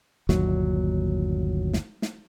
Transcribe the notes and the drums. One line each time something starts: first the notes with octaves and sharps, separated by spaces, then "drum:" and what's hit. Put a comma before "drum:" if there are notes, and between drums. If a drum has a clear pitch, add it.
G1 D#2 A#2 F#3, drum: snare
drum: snare
drum: snare